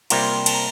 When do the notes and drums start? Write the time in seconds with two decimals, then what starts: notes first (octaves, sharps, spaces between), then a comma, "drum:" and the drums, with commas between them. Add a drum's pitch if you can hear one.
0.10 C3 G3 A#3 F4 A#5, drum: cymbal
0.23 C6
0.35 C6
0.46 A5, drum: cymbal
0.54 A#5